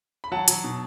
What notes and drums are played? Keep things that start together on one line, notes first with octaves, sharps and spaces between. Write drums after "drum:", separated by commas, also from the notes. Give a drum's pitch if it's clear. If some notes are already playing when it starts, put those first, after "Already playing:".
B5
F#3 F#5 A5
F#3, drum: hi-hat
B2